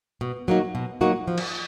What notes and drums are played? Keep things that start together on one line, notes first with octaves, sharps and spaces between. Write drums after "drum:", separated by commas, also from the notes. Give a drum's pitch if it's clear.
B2
F#3 A#3 D#4 F#4
B2
F#3 A#3 D#4 F#4
F3
drum: cymbal